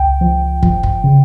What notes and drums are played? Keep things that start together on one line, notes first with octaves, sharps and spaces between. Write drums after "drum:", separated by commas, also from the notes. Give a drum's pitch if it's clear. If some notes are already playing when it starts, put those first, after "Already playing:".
Already playing: C#2 G5
F3
F3, drum: kick
drum: kick
C#3